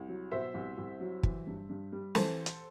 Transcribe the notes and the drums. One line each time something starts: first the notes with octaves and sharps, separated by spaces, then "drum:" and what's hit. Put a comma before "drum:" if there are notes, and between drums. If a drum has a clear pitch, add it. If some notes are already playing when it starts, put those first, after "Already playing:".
Already playing: C2
F#3
B2 C5 E5
C2
C2
F#3
E3, drum: kick
G2
G2
G3
E3 A4 C5, drum: snare
drum: hi-hat